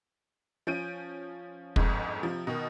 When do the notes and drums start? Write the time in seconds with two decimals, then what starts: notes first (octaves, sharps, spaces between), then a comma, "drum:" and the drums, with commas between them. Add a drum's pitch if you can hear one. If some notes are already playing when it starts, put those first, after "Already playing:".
0.67 F3 C#4 G6 D7 D#7
1.76 G1 F2 G#2, drum: kick
2.23 C3 F3
2.47 B2 D#3